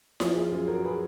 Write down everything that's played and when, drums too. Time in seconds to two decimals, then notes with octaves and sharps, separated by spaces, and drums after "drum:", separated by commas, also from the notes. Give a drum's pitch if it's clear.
0.20 F3 F4 G#4, drum: snare E4
0.35 F4 G#4
0.51 F#2 F4 G#4
0.68 F#4 A#4
0.84 G#4 B4